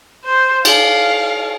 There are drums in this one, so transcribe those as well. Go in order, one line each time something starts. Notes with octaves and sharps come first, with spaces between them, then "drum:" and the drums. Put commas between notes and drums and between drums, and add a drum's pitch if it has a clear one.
C5
F5, drum: cymbal